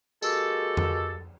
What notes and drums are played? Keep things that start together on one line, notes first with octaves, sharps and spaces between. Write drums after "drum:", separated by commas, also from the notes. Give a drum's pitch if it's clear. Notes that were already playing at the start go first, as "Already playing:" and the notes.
G#3 A#3 F#4 G4 A4, drum: tambourine
drum: tom F2